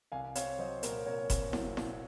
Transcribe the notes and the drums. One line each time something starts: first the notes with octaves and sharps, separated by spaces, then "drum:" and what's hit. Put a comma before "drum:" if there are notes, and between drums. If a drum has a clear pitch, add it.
C2 F5 G#5
C4 C#5 F5, drum: hi-hat
F#3 C5 D#5
A#2 A#4 C#5, drum: hi-hat
C2 A#4 C#5
C4, drum: kick F#1, hi-hat
F#3, drum: snare E4
A#2, drum: snare E4